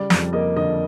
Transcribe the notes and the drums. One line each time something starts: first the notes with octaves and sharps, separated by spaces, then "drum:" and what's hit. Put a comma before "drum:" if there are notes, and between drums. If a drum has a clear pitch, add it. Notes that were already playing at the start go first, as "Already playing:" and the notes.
Already playing: C#3 G3 D5
F2, drum: snare
A#3 D#5
D3 D#5